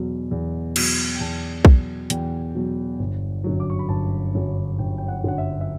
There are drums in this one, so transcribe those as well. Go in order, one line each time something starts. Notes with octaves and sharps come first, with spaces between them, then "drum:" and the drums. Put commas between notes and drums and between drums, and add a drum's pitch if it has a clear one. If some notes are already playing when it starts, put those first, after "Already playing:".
Already playing: E2 B2 F#3
E2
B2 F#3, drum: cymbal
G5
E2 A5
B2 F#3, drum: kick B1
E2 G5, drum: hi-hat
B2 F#3
G1
F#2 D3 F#3
D6
C#6
B5
G1 A5
F#2 D3 F#3
G1 G5
G5
F#5
F#2 D3 F#3 F#5
E5
E5